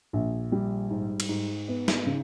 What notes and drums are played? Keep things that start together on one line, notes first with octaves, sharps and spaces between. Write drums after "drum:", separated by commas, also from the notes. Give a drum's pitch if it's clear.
A#1
G3
G#2
drum: cymbal
G#2
B3
drum: snare
C#3